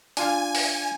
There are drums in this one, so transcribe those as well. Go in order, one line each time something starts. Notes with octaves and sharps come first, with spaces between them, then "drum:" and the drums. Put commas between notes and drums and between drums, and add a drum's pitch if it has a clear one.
D4 F4 F5 G#5, drum: hi-hat
drum: open hi-hat